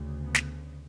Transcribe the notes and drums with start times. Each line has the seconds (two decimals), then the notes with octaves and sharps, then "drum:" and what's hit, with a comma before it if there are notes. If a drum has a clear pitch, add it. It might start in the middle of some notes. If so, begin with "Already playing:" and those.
Already playing: D2 C#3
0.25 B3
0.35 drum: snare